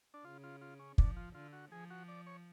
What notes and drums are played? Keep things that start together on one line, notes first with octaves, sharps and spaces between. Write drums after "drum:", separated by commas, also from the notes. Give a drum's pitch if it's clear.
D4
C#3 F4
F4
F4
C#4
F3 D4, drum: kick
F4
D3 F4
F#4
F3 G#4
F#4
D5
C#5